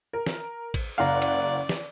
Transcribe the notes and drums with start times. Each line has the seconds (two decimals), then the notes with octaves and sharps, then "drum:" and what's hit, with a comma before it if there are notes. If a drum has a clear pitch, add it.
0.13 A#4
0.26 drum: snare
0.74 drum: kick A1, cymbal
0.98 F#1 D5 F5 F#5 A#5
1.22 drum: cymbal
1.69 drum: snare